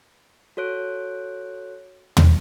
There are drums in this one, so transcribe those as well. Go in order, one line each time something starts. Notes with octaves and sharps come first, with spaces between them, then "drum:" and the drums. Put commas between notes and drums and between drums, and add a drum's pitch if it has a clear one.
F#4 A4 C#5 F#6 D7
drum: tom